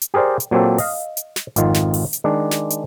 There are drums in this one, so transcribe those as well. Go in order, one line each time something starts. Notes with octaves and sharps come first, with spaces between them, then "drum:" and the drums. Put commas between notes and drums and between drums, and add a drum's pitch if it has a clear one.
drum: hi-hat
G4 G#4 A#4 C5 D5
drum: hi-hat
A#2 F#3 A#3 C4 G4 A4
D#5 F5, drum: open hi-hat
drum: hi-hat
drum: snare
G#1 F2 D#3 F4, drum: hi-hat
drum: snare
drum: open hi-hat
drum: hi-hat
D#3 G#3 D4
drum: snare
drum: hi-hat